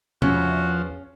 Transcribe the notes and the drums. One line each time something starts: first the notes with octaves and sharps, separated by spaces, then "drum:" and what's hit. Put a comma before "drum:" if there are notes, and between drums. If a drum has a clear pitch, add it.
E2 F3 C#4 F#4, drum: tom B2